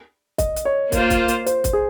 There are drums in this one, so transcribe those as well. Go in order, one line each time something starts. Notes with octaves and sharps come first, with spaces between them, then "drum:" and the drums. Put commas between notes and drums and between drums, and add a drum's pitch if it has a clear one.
D#5, drum: kick, hi-hat
drum: hi-hat
C#5
A#3 F4 C5, drum: kick, hi-hat
drum: kick, hi-hat
drum: hi-hat
C5, drum: hi-hat
drum: kick, hi-hat
G#4